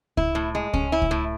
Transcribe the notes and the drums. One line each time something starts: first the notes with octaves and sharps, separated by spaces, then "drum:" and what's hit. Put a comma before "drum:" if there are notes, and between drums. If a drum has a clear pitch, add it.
E4, drum: kick C#2
A2
G#3
C#4, drum: kick C#2
E4
drum: kick C#2
A2